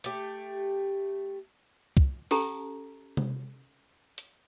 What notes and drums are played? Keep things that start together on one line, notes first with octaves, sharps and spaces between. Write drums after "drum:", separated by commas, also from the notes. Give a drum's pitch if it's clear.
A3 G4, drum: hi-hat
drum: kick C2
C#4 G4 A4 A5 A#5, drum: open hi-hat
drum: tom C3
drum: hi-hat